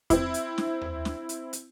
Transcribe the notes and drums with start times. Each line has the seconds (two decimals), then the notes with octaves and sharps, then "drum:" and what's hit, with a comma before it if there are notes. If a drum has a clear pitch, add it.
0.10 C4 E4, drum: kick E2, hi-hat
0.34 drum: hi-hat
0.58 drum: snare
0.81 drum: tom D#2
1.05 drum: snare
1.29 drum: hi-hat
1.53 drum: hi-hat